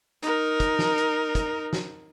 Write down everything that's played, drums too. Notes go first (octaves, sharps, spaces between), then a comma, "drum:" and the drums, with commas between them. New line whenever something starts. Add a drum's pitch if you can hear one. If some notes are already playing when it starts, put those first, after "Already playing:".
D#4 A#4, drum: hi-hat
drum: kick, hi-hat
drum: snare
drum: hi-hat
drum: kick, hi-hat
drum: snare